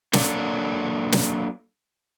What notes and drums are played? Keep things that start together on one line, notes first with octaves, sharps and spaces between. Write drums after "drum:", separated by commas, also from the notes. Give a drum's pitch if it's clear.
F#3 A#3 D4 A4, drum: snare
drum: snare